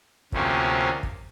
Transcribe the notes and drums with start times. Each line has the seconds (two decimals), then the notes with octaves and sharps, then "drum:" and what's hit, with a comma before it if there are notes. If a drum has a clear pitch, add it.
0.32 D2 C3 F3 A#3 C#4, drum: kick
1.03 drum: kick